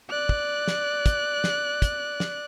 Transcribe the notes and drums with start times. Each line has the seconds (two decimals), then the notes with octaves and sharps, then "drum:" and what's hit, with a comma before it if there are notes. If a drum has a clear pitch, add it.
0.10 D5 F#6
0.29 drum: kick
0.68 drum: snare
1.06 drum: kick, hi-hat
1.44 drum: snare
1.82 drum: kick, hi-hat
2.20 drum: snare